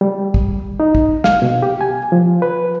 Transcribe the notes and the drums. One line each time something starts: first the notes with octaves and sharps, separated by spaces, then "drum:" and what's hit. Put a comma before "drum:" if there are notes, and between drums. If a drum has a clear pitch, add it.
G3
drum: kick
D#4
drum: kick
F5, drum: snare
B2
G4
G#5
F3
B4